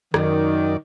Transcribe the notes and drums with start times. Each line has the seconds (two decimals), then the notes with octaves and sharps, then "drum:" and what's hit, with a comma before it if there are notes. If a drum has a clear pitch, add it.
0.14 F#2 D#3 D5, drum: rim click